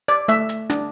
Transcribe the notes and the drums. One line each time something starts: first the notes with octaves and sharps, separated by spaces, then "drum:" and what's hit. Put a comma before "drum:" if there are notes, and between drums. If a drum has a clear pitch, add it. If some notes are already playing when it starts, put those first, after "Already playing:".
D5
A3 E5, drum: hi-hat
drum: hi-hat
D4, drum: snare